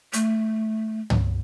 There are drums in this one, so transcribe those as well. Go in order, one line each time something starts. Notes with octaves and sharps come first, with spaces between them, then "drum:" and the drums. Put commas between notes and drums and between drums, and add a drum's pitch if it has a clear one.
A3, drum: hi-hat
drum: tom